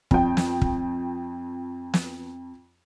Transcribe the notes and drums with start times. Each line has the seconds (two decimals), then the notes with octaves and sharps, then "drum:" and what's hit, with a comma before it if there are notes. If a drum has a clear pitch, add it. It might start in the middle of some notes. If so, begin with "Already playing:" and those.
0.11 F2 G5, drum: kick
0.37 drum: snare
0.62 drum: kick
1.94 drum: snare